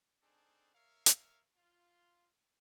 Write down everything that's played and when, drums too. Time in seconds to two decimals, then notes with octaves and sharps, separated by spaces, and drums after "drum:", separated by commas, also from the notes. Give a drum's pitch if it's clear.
0.22 C4 D4 D#4 G#4 A4
0.74 A#4 C#5 E5 F5
1.06 drum: hi-hat
1.57 F4